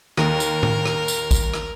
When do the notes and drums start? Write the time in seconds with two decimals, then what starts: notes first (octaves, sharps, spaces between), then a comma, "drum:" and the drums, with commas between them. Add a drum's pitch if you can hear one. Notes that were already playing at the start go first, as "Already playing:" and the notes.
0.17 D#2 A#4, drum: rim click
0.40 drum: tambourine
0.63 drum: tom A2
0.86 drum: rim click
1.08 drum: tambourine
1.31 drum: kick A1, tambourine
1.54 drum: rim click